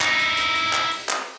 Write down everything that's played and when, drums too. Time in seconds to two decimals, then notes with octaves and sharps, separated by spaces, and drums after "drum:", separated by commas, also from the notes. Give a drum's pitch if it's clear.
0.01 D#4 E4, drum: clap
0.19 drum: hi-hat
0.37 drum: hi-hat
0.55 drum: hi-hat
0.73 drum: clap
0.91 drum: open hi-hat
1.09 drum: clap